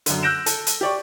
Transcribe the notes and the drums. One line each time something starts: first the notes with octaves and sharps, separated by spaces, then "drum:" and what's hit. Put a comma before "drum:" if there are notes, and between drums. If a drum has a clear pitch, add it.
F#2 D3, drum: hi-hat
E6 F#6 G6 A#6 D7 E7
A4, drum: hi-hat
drum: hi-hat
G4 D5 C#6